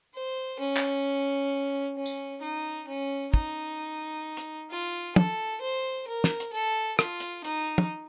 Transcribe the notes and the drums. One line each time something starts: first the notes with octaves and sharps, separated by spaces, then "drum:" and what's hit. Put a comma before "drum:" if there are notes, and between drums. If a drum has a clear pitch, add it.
C5
C#4
drum: clap
C#4
drum: tambourine
D#4
C#4
D#4, drum: kick
drum: hi-hat
F4
A4, drum: tom
C5
A#4
drum: snare
drum: hi-hat
A4
F4, drum: rim click
drum: hi-hat
D#4, drum: hi-hat
drum: tom